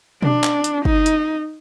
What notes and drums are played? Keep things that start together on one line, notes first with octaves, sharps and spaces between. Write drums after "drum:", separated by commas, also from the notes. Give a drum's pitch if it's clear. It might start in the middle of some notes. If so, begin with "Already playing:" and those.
D4, drum: tom B2
drum: clap
drum: hi-hat
D#4, drum: kick
drum: hi-hat